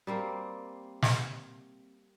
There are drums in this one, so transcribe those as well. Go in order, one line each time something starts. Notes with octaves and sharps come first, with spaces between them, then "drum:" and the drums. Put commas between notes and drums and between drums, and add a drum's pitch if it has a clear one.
G3 A#3 C4
drum: snare